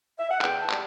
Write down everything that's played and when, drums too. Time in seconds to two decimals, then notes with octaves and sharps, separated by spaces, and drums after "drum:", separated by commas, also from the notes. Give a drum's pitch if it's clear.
0.19 E5
0.30 F#5
0.41 E2 G5, drum: clap
0.60 A5
0.70 G3, drum: clap